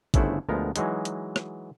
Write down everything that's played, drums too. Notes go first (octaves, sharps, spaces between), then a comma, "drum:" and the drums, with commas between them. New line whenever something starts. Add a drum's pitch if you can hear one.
G1 C#3 A3 E4 C5 F#5, drum: kick A1, hi-hat
D2 F3 G#3 B3 A#4 A#5
E3 F#3 G#3 D#4, drum: hi-hat
drum: hi-hat
drum: rim click